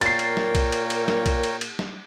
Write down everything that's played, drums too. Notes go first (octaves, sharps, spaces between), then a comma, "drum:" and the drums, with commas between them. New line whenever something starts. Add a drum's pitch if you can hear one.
A#2 A#3 A#4 C#5 G5 A6 C7, drum: cymbal
drum: cymbal
drum: snare
drum: kick B1, cymbal
drum: cymbal
drum: cymbal
drum: snare
drum: kick B1, cymbal
drum: cymbal
drum: cymbal
drum: snare